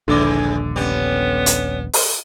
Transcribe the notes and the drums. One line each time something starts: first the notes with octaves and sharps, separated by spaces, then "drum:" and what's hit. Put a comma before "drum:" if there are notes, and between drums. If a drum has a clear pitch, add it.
D#1 A#1 G#2 D3 E3 G#3 D5 D6
G3 B3 C#4
drum: hi-hat
drum: open hi-hat